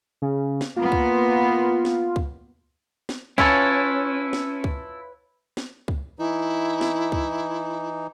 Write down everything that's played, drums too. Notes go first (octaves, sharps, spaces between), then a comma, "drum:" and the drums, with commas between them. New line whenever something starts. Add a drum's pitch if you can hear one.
C#3
drum: snare
A#3 B3 F4
drum: kick C#2
drum: snare
drum: kick C#2
drum: snare
C#4 E4 F4 A4 B4 C#5 G#5, drum: kick C#2
drum: snare
drum: kick C#2
drum: snare
drum: kick C#2
E3 D#4 E4
drum: snare
drum: kick C#2